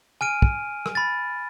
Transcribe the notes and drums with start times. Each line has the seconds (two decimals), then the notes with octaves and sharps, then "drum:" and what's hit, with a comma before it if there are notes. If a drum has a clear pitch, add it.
0.21 G#5 F6 D7 D#7
0.42 drum: kick
0.86 drum: rim click
0.95 B5 A6